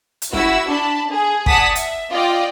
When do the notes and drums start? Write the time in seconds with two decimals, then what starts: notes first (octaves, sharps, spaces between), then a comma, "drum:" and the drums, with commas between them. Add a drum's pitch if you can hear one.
0.22 drum: hi-hat
0.33 E4 F#4 E6, drum: snare
0.68 D4 A5 B5
1.09 G#4
1.46 D5 F#5 G#5 A5 D#6 B6, drum: kick
1.75 E5, drum: hi-hat
2.11 F4 D5 D#5 G5